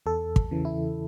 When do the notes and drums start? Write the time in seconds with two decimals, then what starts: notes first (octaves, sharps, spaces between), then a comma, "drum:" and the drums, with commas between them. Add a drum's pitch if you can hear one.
0.06 E2 A4
0.36 drum: kick
0.51 C#3 E3
0.65 E4